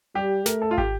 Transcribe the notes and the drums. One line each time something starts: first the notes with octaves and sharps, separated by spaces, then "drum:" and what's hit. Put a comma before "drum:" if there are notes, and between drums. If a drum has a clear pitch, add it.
G3 G4
A3 A#4, drum: snare
A4
F4
G4, drum: kick